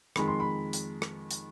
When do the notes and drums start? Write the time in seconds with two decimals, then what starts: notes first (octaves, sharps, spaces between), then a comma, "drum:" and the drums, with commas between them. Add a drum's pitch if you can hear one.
0.16 F2 D#3 G#3 B5, drum: rim click
0.28 C6
0.40 B5
0.73 drum: hi-hat
1.02 drum: rim click
1.31 drum: hi-hat